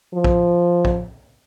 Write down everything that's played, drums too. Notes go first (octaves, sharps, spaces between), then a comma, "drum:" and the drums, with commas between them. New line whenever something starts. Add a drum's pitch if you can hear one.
F3
drum: kick A#1
drum: kick A#1